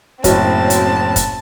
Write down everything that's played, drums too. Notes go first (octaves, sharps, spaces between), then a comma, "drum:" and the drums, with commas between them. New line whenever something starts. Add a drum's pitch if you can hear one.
F#1 A2 C4 F#4 C#5 A5, drum: kick, hi-hat
drum: hi-hat
drum: kick, hi-hat